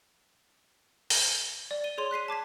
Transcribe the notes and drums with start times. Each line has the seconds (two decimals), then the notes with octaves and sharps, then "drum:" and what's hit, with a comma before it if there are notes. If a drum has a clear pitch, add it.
1.10 drum: open hi-hat
1.71 D5
1.84 D#7 G7
1.98 G#4 C#5 C6
2.11 F#6 B6 C7 D#7
2.28 A5 D6 G#6 B6